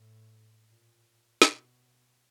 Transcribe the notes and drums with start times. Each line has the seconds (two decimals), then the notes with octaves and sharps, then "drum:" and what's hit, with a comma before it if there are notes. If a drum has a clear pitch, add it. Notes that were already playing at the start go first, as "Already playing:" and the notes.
Already playing: A2
0.66 A#2
1.42 B2, drum: snare